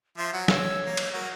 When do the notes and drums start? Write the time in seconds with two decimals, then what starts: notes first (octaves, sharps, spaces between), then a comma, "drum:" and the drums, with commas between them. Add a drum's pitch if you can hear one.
0.17 F3 E5 C6
0.33 F#3 F#5
0.48 C#5 E6, drum: snare
0.86 A#3
0.97 drum: cymbal
1.14 F#4 A#4